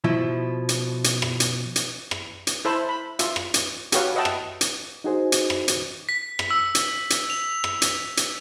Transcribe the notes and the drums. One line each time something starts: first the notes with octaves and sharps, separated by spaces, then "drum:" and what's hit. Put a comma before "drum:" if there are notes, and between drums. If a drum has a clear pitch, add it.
B2 F3 E4
drum: hi-hat
drum: hi-hat
drum: rim click
drum: hi-hat
drum: hi-hat
drum: rim click
drum: hi-hat
E4 A4 C5 E5 A5 B5
B5
F4 E5, drum: hi-hat
drum: rim click
drum: hi-hat
F#4 G4 A4 B4 C#5 F5, drum: hi-hat
B4 D#5 E5 F#5 G5 A5
drum: rim click
drum: hi-hat
D#4 F#4 G#4 C5
drum: hi-hat
drum: rim click
drum: hi-hat
B6
drum: rim click
E6
drum: hi-hat
drum: hi-hat
F7
drum: rim click
drum: hi-hat
drum: hi-hat